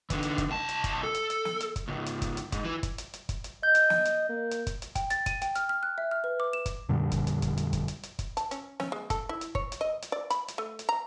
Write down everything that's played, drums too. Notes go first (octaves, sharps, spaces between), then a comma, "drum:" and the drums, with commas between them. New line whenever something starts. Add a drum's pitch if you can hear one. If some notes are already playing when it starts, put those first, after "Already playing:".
D3 E3, drum: kick, hi-hat
drum: hi-hat
drum: kick, hi-hat
C2 A5
drum: hi-hat
drum: kick, hi-hat
A4
drum: hi-hat
drum: hi-hat
drum: snare
drum: hi-hat
drum: kick, hi-hat
C#2 G#2
drum: hi-hat
drum: kick, hi-hat
drum: hi-hat
G#2, drum: kick, hi-hat
E3
drum: kick, hi-hat
drum: hi-hat
drum: hi-hat
drum: kick, hi-hat
drum: hi-hat
D#5 G6
drum: hi-hat
drum: snare
drum: hi-hat
A#3
drum: hi-hat
drum: kick, hi-hat
drum: hi-hat
G5, drum: kick, hi-hat
A6, drum: hi-hat
D#7, drum: kick, hi-hat
G5, drum: hi-hat
F6, drum: hi-hat
F6
F#6
E5
F6
B4
D6
E7
drum: kick, hi-hat
F2 A#2 D3 G3
drum: kick, hi-hat
drum: hi-hat
drum: kick, hi-hat
drum: hi-hat
drum: kick, hi-hat
drum: hi-hat
drum: hi-hat
drum: kick, hi-hat
A5, drum: hi-hat
C#4, drum: hi-hat
C#4, drum: snare
G#3
A4, drum: kick, hi-hat
E4
drum: hi-hat
C#5, drum: kick
drum: hi-hat
D#5
drum: hi-hat
D5
B5, drum: hi-hat
drum: hi-hat
A3
drum: hi-hat
A#5